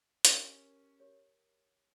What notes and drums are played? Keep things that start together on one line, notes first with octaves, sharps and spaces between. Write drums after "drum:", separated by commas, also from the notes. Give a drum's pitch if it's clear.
C#4 G4 A#4 C#5, drum: hi-hat
G4 A#4 C#5